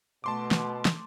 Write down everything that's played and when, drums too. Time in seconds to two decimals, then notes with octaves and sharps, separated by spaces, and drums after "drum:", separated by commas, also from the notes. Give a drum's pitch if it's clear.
0.24 B2 A3 A5 C6 D6
0.51 drum: snare
0.85 drum: snare